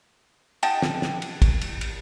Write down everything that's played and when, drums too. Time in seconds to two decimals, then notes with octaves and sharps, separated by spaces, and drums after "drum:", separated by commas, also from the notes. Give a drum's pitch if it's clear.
0.63 D#5 F#5 G5 A5, drum: cymbal
0.82 drum: snare
1.02 drum: snare
1.22 drum: cymbal
1.42 drum: kick, cymbal
1.61 drum: cymbal
1.81 drum: cymbal